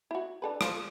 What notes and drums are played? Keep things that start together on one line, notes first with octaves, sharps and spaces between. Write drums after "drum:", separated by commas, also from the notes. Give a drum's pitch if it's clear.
E4 F#4
D4 A4 B4
F4 C5 D5, drum: rim click